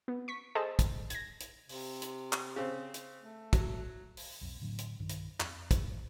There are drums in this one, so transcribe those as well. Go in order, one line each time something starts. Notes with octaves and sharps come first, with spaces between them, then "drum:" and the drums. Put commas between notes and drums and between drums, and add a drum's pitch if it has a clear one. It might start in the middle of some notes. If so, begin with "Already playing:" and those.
B3
C#6 B6
G#4 A4 C5 D#5 A5
drum: kick, hi-hat
G#6 A#6, drum: hi-hat
drum: hi-hat
C3, drum: open hi-hat
drum: hi-hat
drum: clap
C#3 C4
drum: hi-hat
A3
F#3, drum: kick, hi-hat
drum: open hi-hat
B1 F2
A2 D3 F#3 D4
drum: hi-hat
B1 G2 D#3
drum: hi-hat
F2, drum: clap
drum: kick, hi-hat